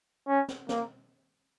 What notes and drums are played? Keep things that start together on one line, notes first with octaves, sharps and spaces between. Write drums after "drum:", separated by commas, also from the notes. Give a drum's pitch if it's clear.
C#4
drum: snare
A#3, drum: snare